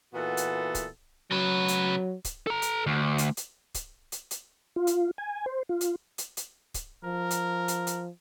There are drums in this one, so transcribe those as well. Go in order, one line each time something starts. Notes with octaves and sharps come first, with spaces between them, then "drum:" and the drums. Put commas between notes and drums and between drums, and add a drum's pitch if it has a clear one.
A#2 E3 B3 F#4 A4
drum: hi-hat
drum: kick C#1, hi-hat
C#3 F#3 B4
drum: hi-hat
drum: kick C#1, hi-hat
A4 A#5
drum: hi-hat
D2
drum: hi-hat
drum: hi-hat
drum: kick C#1, hi-hat
drum: hi-hat
drum: hi-hat
F4
drum: hi-hat
G#5
C5
F4
drum: hi-hat
drum: hi-hat
drum: hi-hat
drum: kick C#1, hi-hat
F3 A#4
drum: hi-hat
drum: hi-hat
drum: hi-hat